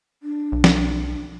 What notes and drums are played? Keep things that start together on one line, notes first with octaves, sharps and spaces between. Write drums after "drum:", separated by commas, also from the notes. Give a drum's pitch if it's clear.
D4
B1
drum: snare